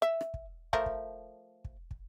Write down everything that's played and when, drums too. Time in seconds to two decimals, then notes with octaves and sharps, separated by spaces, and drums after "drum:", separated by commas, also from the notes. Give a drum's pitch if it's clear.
0.02 E5
0.21 drum: rim click
0.34 drum: kick
0.73 F3 A3 A#4, drum: kick
0.86 drum: kick
1.64 drum: kick
1.91 drum: kick